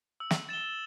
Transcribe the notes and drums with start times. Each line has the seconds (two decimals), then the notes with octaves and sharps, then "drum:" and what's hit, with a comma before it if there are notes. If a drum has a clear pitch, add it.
0.20 E6
0.31 drum: snare
0.49 A6 E7 G7